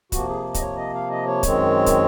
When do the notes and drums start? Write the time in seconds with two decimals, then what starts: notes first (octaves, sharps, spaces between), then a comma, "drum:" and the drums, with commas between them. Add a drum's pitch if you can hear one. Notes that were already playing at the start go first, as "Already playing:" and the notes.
0.12 C3 F3 A#3 F#4, drum: kick, hi-hat
0.29 G#4
0.54 D#5, drum: kick, hi-hat
0.61 C#5
0.77 D#5
0.94 F5
1.10 D#5
1.26 C#5
1.43 F#2 D#3 G#3 C4, drum: kick, hi-hat
1.86 drum: kick, hi-hat